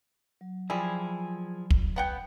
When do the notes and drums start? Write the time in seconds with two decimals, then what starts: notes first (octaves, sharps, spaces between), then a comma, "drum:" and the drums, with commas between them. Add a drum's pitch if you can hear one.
0.41 F#3
0.70 F3 G3 E4 G#4
1.70 drum: kick
1.96 B3 F#5 G5